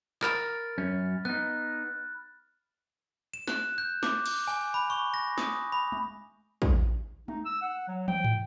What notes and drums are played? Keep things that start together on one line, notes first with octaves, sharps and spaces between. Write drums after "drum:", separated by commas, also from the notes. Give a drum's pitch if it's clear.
A#4 B5 F6 A6, drum: clap
F#2 C#4
B3 D#4 F#6
E7
F#6, drum: snare
G6
D6, drum: snare
drum: cymbal
G#5
B5
C#6
A#6
D#6, drum: snare
B5
drum: tom G#3
drum: kick
D#4, drum: tom G#3
E6
F#5
F#3
G5, drum: tom
drum: tom